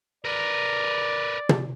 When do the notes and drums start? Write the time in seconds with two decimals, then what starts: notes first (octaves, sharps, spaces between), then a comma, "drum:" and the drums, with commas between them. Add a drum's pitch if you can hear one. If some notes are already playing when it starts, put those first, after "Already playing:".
0.25 A#4 B4 D5
1.49 drum: tom